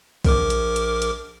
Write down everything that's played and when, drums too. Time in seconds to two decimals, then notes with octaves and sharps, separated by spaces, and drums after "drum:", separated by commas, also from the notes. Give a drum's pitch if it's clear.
0.25 A#1 A#4 D6, drum: kick B1, open hi-hat
0.50 drum: hi-hat
0.76 drum: hi-hat
1.02 drum: hi-hat